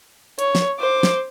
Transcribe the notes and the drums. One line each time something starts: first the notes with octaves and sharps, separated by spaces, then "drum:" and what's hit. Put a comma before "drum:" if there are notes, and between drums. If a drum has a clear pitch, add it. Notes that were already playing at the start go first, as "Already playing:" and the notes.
C#5, drum: hi-hat
drum: snare
C5 D6
drum: snare